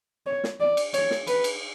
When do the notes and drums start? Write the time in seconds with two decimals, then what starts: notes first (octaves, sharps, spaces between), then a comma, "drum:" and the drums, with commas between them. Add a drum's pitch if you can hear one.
0.27 C#5
0.44 drum: snare
0.61 D5
0.77 drum: cymbal
0.94 C#5, drum: cymbal
1.11 drum: snare
1.27 B4, drum: cymbal
1.44 drum: cymbal